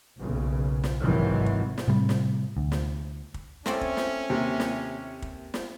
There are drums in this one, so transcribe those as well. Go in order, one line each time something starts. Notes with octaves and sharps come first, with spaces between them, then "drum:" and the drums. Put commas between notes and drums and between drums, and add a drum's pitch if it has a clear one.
F#1 B1 C#3
drum: snare
G#1 G#2 C3 D#3 E3 F#3
drum: kick
drum: snare
A2 C3 G3
drum: snare
D2
drum: snare
drum: kick
A3 C4 C#4 D5, drum: snare
drum: kick
drum: snare
D#2 C3
drum: snare
drum: kick
drum: snare